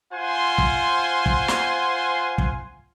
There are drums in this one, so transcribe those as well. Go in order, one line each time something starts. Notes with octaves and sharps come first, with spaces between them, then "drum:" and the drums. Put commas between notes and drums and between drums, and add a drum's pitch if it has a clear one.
F4 C5 F#5 G#5 C6
drum: kick
drum: kick
drum: snare
drum: kick